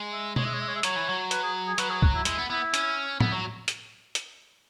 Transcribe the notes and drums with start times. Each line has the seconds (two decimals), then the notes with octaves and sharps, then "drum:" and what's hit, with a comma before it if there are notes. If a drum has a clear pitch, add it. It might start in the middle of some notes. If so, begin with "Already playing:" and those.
Already playing: G#3
0.13 E5
0.36 G#3 C#5, drum: tom B2
0.45 E5
0.53 C#5
0.60 E5
0.68 C#5
0.75 E5
0.83 F#3 C#5, drum: hi-hat
0.96 E3
1.09 F#3
1.31 B4, drum: hi-hat
1.43 G#4
1.67 G#4
1.78 F#3 B4, drum: hi-hat
1.90 G#4
2.02 F#4, drum: kick
2.15 E4
2.25 G#3 E4, drum: hi-hat
2.38 B3
2.50 B3 E4
2.74 C#4, drum: hi-hat
3.20 B3 E4, drum: tom A2
3.32 F#3
3.68 drum: hi-hat
4.15 drum: hi-hat